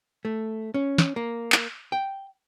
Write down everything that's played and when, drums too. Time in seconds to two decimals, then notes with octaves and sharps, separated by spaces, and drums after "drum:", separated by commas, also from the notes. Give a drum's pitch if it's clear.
0.25 A3
0.74 C#4
0.98 drum: snare
1.16 A#3
1.52 drum: clap
1.92 G5